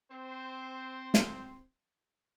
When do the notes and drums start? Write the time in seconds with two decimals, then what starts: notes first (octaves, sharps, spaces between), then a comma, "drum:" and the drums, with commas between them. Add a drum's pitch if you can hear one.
0.11 C4 C5
1.14 drum: snare